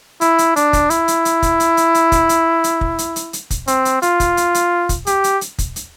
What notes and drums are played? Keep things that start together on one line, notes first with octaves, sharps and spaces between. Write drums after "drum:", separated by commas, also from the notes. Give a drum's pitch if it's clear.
E4, drum: hi-hat
drum: hi-hat
D4, drum: hi-hat
drum: kick, hi-hat
E4, drum: hi-hat
drum: hi-hat
drum: hi-hat
drum: kick, hi-hat
drum: hi-hat
drum: hi-hat
drum: hi-hat
drum: kick, hi-hat
drum: hi-hat
drum: hi-hat
drum: kick
drum: hi-hat
drum: hi-hat
drum: hi-hat
drum: kick, hi-hat
C4, drum: hi-hat
drum: hi-hat
F4, drum: hi-hat
drum: kick, hi-hat
drum: hi-hat
drum: hi-hat
drum: kick, hi-hat
G4, drum: hi-hat
drum: hi-hat
drum: hi-hat
drum: kick, hi-hat
drum: hi-hat